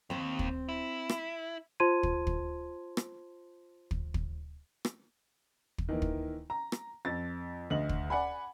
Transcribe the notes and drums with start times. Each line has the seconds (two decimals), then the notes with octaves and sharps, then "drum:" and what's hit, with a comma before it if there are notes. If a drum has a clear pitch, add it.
0.10 D#2 C4 C5
0.39 drum: kick
0.69 E4
1.09 drum: rim click
1.80 F4 C5 A5 C6 G#6 D#7
2.03 drum: kick
2.27 drum: kick
2.97 drum: rim click
3.91 drum: kick
4.14 drum: kick
4.85 drum: rim click
5.78 drum: kick
5.89 D#3 E3 A#3
6.02 drum: kick
6.50 A#5
6.72 drum: rim click
7.05 F2 A6
7.70 D2 D#5 F#7
7.89 drum: kick
8.10 D5 F#5 G#5 B5